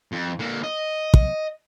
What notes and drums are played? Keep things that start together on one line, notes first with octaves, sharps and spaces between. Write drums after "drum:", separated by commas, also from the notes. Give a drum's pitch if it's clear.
F2
D3 A#3
D#5
drum: kick